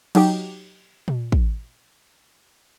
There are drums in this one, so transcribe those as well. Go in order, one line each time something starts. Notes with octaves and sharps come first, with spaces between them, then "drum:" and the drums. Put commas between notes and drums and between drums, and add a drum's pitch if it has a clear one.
F#3 D#4 G4, drum: cymbal
drum: tom A#2
drum: kick